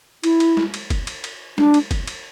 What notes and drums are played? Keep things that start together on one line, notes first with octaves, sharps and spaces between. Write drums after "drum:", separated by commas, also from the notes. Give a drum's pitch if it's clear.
E4, drum: cymbal
drum: cymbal
drum: snare
drum: cymbal
drum: kick, cymbal
drum: cymbal
drum: cymbal
D4, drum: snare
drum: cymbal
drum: kick, cymbal
drum: cymbal